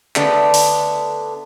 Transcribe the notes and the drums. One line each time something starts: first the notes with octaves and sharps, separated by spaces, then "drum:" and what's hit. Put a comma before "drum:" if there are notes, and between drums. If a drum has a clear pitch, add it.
D3 A3 B3 D4, drum: clap
drum: open hi-hat